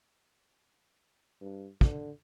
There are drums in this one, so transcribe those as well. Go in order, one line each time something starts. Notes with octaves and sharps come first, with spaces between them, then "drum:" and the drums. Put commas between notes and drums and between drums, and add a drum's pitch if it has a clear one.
G2
D3, drum: kick